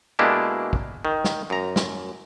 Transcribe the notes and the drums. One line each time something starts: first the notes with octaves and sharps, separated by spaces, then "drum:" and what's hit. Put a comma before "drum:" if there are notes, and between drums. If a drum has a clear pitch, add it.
B2 G#3 A#3 D4 E4 G4
drum: kick
D#3
drum: snare
F#2 A#5
drum: snare